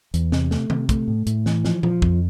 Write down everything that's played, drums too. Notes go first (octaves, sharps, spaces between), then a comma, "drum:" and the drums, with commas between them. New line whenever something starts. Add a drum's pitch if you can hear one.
E2, drum: hi-hat
C3, drum: snare
A3, drum: snare
C3, drum: tom D#3
A3, drum: kick, hi-hat
A2
A2, drum: hi-hat
E3, drum: snare
F3, drum: snare
F3, drum: tom A#2
F2, drum: kick